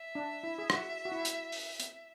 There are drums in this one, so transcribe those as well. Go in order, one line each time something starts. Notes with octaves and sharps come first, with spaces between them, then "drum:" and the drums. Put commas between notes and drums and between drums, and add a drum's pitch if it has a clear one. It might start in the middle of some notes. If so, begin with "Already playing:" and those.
Already playing: E5
D4
E4
G#4
F#4, drum: rim click
F#4
E4
drum: hi-hat
drum: open hi-hat
drum: hi-hat